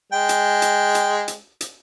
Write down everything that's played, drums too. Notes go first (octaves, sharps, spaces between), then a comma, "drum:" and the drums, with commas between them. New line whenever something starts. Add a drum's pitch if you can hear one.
G#3 G5
drum: hi-hat
drum: hi-hat
drum: hi-hat
drum: hi-hat
drum: hi-hat